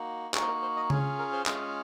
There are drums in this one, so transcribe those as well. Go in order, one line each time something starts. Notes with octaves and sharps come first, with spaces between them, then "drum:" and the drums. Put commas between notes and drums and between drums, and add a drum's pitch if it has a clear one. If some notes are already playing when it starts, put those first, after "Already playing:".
Already playing: A#3 D#4 F#4
A#3 D#4 F#4 G#4, drum: clap
C5
A#4
C5
D#5
C#4 F4 G#4 C#5, drum: tom C#3
A#4
C5
G#3 C#4 F4 G#4, drum: clap